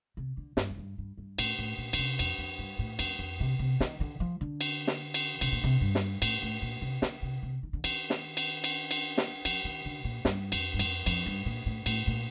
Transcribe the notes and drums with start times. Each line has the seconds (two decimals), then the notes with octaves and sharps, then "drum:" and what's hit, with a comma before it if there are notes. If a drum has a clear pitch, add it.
0.17 C3
0.37 D3
0.57 G2, drum: snare
0.70 F2
0.77 G2
0.98 G2
1.17 G2
1.39 A2, drum: cymbal
1.59 A2
1.78 A#2
1.93 D3, drum: cymbal
1.99 C3
2.19 F2, drum: cymbal
2.38 F2
2.58 G2
2.79 A2
2.99 F2, drum: cymbal
3.19 F2
3.40 C3
3.59 C3
3.80 D#3, drum: snare
4.00 D3
4.20 F3
4.41 D3
4.61 drum: cymbal
4.87 drum: snare
5.14 drum: cymbal
5.41 C3, drum: cymbal
5.52 A#2
5.64 C3
5.81 G2
5.95 drum: snare
6.22 A2, drum: cymbal
6.42 A2
6.62 A#2
6.82 C3
7.02 D3, drum: snare
7.22 C3
7.43 C3
7.63 D#3
7.73 D3
7.84 D#3, drum: cymbal
8.10 drum: snare
8.37 drum: cymbal
8.64 drum: cymbal
8.91 drum: cymbal
9.18 drum: snare
9.45 F3, drum: cymbal
9.65 D#3
9.85 D3
10.04 A#2
10.25 G2, drum: snare
10.52 F2, drum: cymbal
10.74 G2
10.79 F2, drum: cymbal
11.06 F2, drum: cymbal
11.26 G2
11.46 A#2
11.66 A2
11.86 A2, drum: cymbal
12.07 A#2